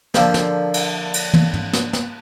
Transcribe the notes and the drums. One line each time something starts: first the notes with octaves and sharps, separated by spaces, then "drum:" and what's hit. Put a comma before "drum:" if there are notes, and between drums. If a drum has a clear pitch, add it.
D3 F3 A#3 G4, drum: snare
drum: snare
drum: cymbal
drum: cymbal
drum: tom
drum: tom
drum: snare
drum: snare